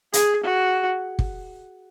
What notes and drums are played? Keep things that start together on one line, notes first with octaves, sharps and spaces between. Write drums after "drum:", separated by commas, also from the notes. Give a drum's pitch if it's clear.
G#4, drum: hi-hat
F#4
drum: kick